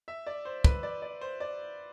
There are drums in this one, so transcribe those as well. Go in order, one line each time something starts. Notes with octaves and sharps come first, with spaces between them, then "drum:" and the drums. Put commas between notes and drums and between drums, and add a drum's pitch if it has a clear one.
E5
D5
C5
B4, drum: kick
D5
D5
C5
D5